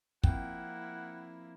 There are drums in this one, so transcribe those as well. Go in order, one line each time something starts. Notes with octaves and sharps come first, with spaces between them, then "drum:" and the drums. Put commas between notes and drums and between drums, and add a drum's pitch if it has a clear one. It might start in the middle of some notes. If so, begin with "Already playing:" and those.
F3 A#3 C4 E4 F4 F#5 G5, drum: kick